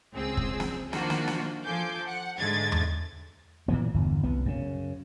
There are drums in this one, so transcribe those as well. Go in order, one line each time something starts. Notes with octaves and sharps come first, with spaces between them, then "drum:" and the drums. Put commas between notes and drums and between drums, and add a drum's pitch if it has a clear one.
C#2 C4 G#4 E6
drum: kick
drum: snare
D#3 A#3 D4 F4 F#4 C5, drum: snare
drum: snare
drum: snare
F3 A4 G#5 D6 G6
F#5
G#2 D3 G#3 A3 G#6 A6
drum: tom E2
A#2 E3 B3
G1 E2
C2 B3
F#2 C#3